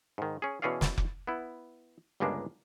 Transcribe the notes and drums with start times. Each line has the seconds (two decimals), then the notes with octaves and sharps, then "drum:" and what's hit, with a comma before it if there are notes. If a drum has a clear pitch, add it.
0.18 G#2 D#3
0.42 C#4 G#4
0.62 B2 E3 C#4 G#4 D5 F5
0.81 drum: snare
0.98 drum: kick F1
1.27 B3 E4
2.20 G1 C#2 G3 G#3 A#3 D4